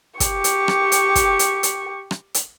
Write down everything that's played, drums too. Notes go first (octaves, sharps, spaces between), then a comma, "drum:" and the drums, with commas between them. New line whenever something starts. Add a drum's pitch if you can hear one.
G4 C#6, drum: kick, hi-hat
drum: hi-hat
drum: rim click
drum: hi-hat
drum: kick, hi-hat
drum: hi-hat
drum: hi-hat
drum: rim click
drum: hi-hat